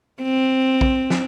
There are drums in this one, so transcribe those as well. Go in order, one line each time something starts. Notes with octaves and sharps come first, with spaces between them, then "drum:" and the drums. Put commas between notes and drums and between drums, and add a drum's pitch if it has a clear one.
C4
drum: kick A#1
drum: snare